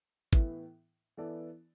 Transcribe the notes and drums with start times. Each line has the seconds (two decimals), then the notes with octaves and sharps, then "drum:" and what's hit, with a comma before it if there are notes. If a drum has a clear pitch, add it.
0.33 A2 E3 B3 E4, drum: kick G#1
1.17 E3 B3 E4 A4 D5